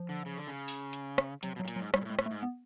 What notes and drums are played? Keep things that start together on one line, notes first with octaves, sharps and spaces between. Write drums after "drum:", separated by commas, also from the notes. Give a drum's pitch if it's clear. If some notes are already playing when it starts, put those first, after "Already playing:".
Already playing: F3
D3
C#3
D3
C#3
drum: open hi-hat
drum: hi-hat
drum: rim click
C3 F#3, drum: hi-hat
B2
F#3
A2
A#2, drum: hi-hat
F#3
G#2
G2 G3, drum: rim click
A#2
A2
G#3
A2, drum: rim click
A3
G#2
B3